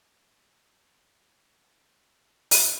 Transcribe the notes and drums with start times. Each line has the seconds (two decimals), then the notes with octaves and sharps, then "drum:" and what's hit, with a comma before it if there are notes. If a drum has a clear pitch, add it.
0.13 A#4 B4
0.39 F#5 G5 A6 B6
0.56 C5 C#5 A5 C#6
0.94 D#4 C#5 A#5 E6 B6 F#7
1.43 C#5
1.93 F5 D6 F#6
2.51 drum: open hi-hat